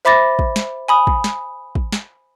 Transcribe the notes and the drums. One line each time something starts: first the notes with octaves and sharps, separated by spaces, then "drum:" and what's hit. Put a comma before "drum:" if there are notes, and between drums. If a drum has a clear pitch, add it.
C5 E5 B5 D6 A6 A#6
drum: kick
drum: snare
G#5 B5 D#6
drum: kick
drum: snare
drum: kick
drum: snare